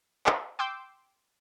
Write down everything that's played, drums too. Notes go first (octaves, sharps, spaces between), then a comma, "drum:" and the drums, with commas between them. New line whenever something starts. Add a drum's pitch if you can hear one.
drum: clap
G5 C6 D6 E6 G6